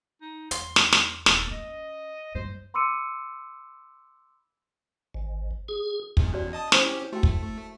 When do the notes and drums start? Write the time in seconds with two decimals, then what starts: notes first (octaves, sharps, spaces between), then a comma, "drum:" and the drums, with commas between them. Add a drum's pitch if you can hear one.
0.21 D#4
0.51 E2 C6, drum: hi-hat
0.76 drum: snare
0.93 drum: snare
1.26 D#1 C4 A4, drum: snare
1.51 C#4 D#5
2.35 G2 F#3 C5
2.74 B5 C6 D6 E6 C#7 D#7
5.14 G#1
5.68 G#4
6.17 E2 G#2, drum: kick
6.32 E2 C#4 F#4 D5
6.53 D#5 A5 D#6
6.72 C#4 E4 G4 A4 C5, drum: snare
7.13 A3 F#4 G5
7.23 drum: kick